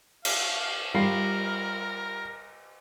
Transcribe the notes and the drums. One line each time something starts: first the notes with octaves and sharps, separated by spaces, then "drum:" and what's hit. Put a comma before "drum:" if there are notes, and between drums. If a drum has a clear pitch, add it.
F5, drum: cymbal
G3 F4 A#4 C7